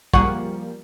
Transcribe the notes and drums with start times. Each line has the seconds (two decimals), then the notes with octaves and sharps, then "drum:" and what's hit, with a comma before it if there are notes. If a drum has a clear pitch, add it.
0.13 F3 G3 A#3 G#4 F#5 C#6, drum: kick